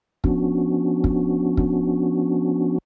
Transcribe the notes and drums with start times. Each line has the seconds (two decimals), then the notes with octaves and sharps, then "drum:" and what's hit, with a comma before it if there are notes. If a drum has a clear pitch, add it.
0.24 F3 B3 C#4 D4 F#4, drum: kick
1.04 drum: kick
1.57 drum: kick